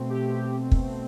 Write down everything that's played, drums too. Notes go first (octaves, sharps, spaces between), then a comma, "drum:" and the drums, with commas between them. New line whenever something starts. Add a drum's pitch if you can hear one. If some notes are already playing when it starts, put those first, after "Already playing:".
Already playing: B2 A3 C4
G4
drum: kick